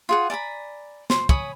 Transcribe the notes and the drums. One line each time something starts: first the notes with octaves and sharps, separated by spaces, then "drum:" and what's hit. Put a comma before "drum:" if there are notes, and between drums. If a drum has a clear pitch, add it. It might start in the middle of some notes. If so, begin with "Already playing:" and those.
F4 G#4 F#5
D5 G#5 A#5 B5
C5, drum: snare
C#5 G#5 B5 D#6, drum: kick